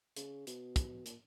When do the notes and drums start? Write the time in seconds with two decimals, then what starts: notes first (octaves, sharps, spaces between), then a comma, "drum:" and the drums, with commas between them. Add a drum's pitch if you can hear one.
0.16 C#3, drum: hi-hat
0.47 B2, drum: hi-hat
0.76 drum: kick, hi-hat
1.06 A#2, drum: hi-hat